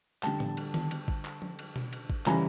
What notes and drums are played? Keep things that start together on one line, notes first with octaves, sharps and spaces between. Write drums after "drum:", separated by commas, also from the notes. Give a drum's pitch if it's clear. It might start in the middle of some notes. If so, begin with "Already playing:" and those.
D3 G3 G5 A5, drum: clap
drum: tom
drum: cymbal
drum: tom D#3
drum: cymbal
drum: kick G#1
drum: clap
drum: tom F3
drum: cymbal
drum: tom B2
drum: cymbal
drum: kick G#1
C#3 E3 G3 G#5 A#5, drum: clap